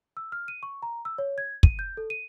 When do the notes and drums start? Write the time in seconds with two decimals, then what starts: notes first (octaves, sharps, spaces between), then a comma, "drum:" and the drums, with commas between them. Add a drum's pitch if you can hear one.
0.17 E6
0.32 F6
0.48 D#7
0.63 C#6
0.82 A#5
1.05 E6
1.18 C#5
1.38 G#6
1.63 D#7, drum: kick
1.79 G6
1.97 A4
2.10 D#7